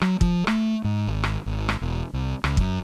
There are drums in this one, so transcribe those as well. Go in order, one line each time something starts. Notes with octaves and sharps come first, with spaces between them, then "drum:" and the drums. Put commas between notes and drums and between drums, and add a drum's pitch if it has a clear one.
F#3, drum: rim click
F3, drum: kick
A3, drum: rim click
G#2
G#1
drum: rim click
G#1
drum: rim click
E1
C2
C#2, drum: rim click
F#2, drum: kick